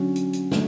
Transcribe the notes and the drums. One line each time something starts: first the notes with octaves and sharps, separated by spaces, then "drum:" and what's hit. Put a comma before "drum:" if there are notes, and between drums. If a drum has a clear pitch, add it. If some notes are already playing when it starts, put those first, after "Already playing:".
Already playing: D3 F#3 C#4
drum: hi-hat
drum: hi-hat
D3 F#3 A3, drum: snare